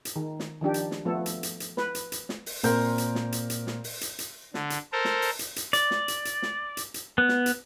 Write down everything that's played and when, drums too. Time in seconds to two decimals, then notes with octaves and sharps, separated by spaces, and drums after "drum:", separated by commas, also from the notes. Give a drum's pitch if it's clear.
0.05 drum: hi-hat
0.16 D#3
0.40 drum: snare
0.61 D#3 F3 D4 G4
0.74 drum: hi-hat
0.91 drum: snare
1.05 F3 A3 B3 A4
1.26 drum: hi-hat
1.43 drum: hi-hat
1.60 drum: hi-hat
1.77 B4, drum: snare
1.95 drum: hi-hat
2.12 drum: hi-hat
2.29 drum: snare
2.46 drum: open hi-hat
2.64 A#2 C4 A#4 G6, drum: hi-hat
2.98 drum: hi-hat
3.15 drum: snare
3.32 drum: hi-hat
3.50 drum: hi-hat
3.67 drum: snare
3.84 drum: open hi-hat
4.01 drum: hi-hat
4.19 drum: hi-hat
4.54 D3, drum: snare
4.70 drum: hi-hat
4.92 A4 A#4 C5
5.05 drum: snare
5.22 drum: open hi-hat
5.39 drum: hi-hat
5.56 drum: hi-hat
5.73 D5, drum: hi-hat
5.91 drum: snare
6.08 drum: hi-hat
6.25 drum: hi-hat
6.42 drum: snare
6.77 drum: hi-hat
6.94 drum: hi-hat
7.18 B3
7.29 drum: snare
7.46 drum: hi-hat